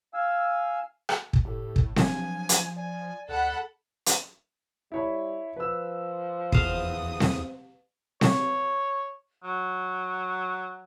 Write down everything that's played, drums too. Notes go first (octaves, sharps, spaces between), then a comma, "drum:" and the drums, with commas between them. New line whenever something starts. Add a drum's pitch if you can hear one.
F5 G#5 E6
drum: rim click
drum: kick
A2 G4 A4
drum: kick
F3 F#3 D4 G#5, drum: snare C4
drum: hi-hat
D5 G#5
D2 A4 D5 F#5 B5 F#6
drum: hi-hat
G3 E4 C#5 B5
F3 B4 E6
E2 C5 F5 D#6, drum: kick
drum: snare C4
C#5, drum: snare C4
F#3